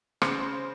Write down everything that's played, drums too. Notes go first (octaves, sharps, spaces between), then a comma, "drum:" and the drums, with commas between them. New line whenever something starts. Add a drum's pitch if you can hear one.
C#3 C5, drum: rim click